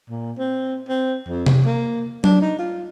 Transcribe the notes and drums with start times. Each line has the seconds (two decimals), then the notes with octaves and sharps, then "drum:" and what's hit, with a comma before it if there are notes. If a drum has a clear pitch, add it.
0.10 A#2
0.38 C4
0.88 C4
1.29 F2
1.46 drum: tom C3
1.65 A#3
2.24 D4, drum: tom F#3
2.41 D#4
2.59 F4